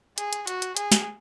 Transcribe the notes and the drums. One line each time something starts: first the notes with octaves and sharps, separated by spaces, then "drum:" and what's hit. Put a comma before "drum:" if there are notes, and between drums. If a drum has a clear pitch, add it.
G#4, drum: hi-hat
drum: hi-hat
F#4, drum: hi-hat
drum: hi-hat
G#4, drum: hi-hat
drum: snare